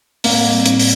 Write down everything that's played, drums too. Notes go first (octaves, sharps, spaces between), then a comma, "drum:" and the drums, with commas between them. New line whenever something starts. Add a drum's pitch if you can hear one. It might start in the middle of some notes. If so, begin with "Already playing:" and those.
A2 A#3, drum: open hi-hat
G3 C4
A2, drum: hi-hat
drum: open hi-hat